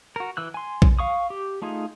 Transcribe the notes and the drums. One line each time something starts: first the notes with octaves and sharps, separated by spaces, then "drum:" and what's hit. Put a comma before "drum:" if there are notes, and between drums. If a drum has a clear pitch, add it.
F#4 A#4
E3 E6 F#6
G#5 C6
drum: kick A#1
F5 C#6 D#6
G4
A3 D#4 F4 G#4